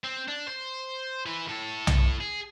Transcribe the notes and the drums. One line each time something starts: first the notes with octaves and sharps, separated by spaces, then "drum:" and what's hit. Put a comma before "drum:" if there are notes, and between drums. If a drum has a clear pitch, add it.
C4
D4
C5
E3 B4
A2 A4
drum: tom B1
G#4